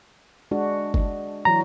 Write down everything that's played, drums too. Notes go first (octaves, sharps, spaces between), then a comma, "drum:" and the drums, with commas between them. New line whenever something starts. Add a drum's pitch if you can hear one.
G#3 D4 F#4
drum: kick
E3 F#3 F#4 A#5